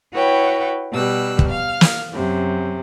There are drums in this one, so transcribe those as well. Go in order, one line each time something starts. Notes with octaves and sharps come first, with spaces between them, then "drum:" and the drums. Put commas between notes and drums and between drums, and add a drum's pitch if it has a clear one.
E4 F#4 B4 C#5 G5
B2 G3 E6 F#6
drum: kick
F5 F6
drum: snare
F#2 C3